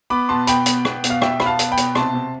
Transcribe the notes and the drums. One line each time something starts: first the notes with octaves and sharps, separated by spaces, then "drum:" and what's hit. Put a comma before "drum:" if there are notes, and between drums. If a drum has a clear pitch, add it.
B3 B5 D6
B2 A5 C6
B2 G5 B5, drum: hi-hat
B3, drum: hi-hat
B3, drum: rim click
B2, drum: hi-hat
F5
B2 E5 G5, drum: rim click
B3 B5, drum: rim click
F5 A5
B3, drum: hi-hat
G5 B5
B2, drum: hi-hat
C3 A5 C6, drum: rim click
C3